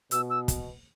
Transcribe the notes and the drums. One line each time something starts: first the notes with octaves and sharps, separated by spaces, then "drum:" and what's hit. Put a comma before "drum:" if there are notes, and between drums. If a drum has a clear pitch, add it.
B2 E6, drum: hi-hat
E6
drum: kick, hi-hat